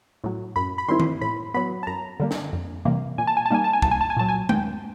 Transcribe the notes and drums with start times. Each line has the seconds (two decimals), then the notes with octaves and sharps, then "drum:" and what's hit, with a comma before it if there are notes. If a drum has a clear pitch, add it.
0.24 A2 F#3
0.56 F#2 B5
0.78 B5
0.88 D#3 G3 C4 E4 C6
1.00 drum: tom D#3
1.21 A2 B5
1.54 F#3 B3 B5
1.83 A5
1.87 F#2 A#5
2.20 D3 G3 A#3
2.31 drum: snare
2.53 F2
2.85 C3 E3 G3 A#3
3.18 A#2 G#5
3.27 A5
3.37 G#5
3.46 A5
3.50 G3 A#3 D#4 G#5
3.64 A5
3.73 G#5
3.82 C2 A5, drum: kick
3.91 G#5
4.01 A5
4.10 G#5
4.17 A#2 F#3 A5
4.28 G#5
4.49 D#2 G5, drum: tom G#3